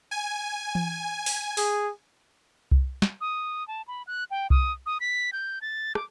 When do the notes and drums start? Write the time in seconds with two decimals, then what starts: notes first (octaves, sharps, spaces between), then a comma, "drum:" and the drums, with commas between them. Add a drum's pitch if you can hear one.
0.11 G#5
0.75 drum: tom E3
1.26 drum: open hi-hat
1.57 G#4, drum: open hi-hat
2.72 drum: kick C2
3.02 drum: snare
3.21 D#6
3.68 A5
3.88 B5
4.07 F#6
4.31 G5
4.50 D#6, drum: kick C2
4.86 D#6
5.01 B6
5.33 G6
5.62 A6
5.95 D6, drum: rim click